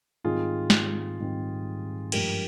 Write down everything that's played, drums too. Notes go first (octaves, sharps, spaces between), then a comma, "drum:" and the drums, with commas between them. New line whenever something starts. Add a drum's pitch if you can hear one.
G#2 D#3 G3 C4 F4 G#4
drum: snare
G#2 D#3 G3 C4
G2 F3 G#3 G4 A#4, drum: cymbal